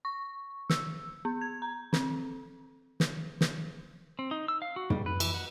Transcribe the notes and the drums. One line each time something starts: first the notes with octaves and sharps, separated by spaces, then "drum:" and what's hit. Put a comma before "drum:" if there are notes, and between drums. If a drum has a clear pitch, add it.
C#6
E6, drum: snare
B3
G#6
A#5
C4, drum: snare
drum: snare
drum: snare
C4
D#4
E6
F5
F#4
G3, drum: tom
B4
E3, drum: cymbal
F#5